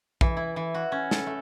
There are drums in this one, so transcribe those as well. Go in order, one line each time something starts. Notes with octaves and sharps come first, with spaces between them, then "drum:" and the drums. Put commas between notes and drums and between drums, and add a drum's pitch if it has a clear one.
E3, drum: kick
E4
E3
F#4
C#4
A4, drum: snare
A3